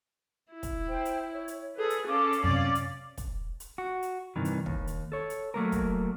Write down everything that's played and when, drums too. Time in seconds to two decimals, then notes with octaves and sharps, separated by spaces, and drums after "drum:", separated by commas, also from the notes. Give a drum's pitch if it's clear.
0.52 E4
0.63 drum: kick, hi-hat
0.88 C5 G5
1.05 drum: hi-hat
1.32 C#5
1.48 drum: hi-hat
1.76 G#4 A4 B4
1.90 drum: hi-hat
2.07 C#4 A4 F5 D6
2.33 drum: hi-hat
2.44 F#2 C3 C#4 D5
2.75 drum: hi-hat
3.18 drum: kick, hi-hat
3.60 drum: hi-hat
3.78 F#4
4.02 drum: hi-hat
4.36 G2 C3 D#3 E3
4.45 drum: hi-hat
4.66 D#2, drum: kick
4.87 drum: hi-hat
5.12 A4 C#5
5.30 drum: hi-hat
5.54 F#3 A3 A#3 A#4
5.72 drum: kick, hi-hat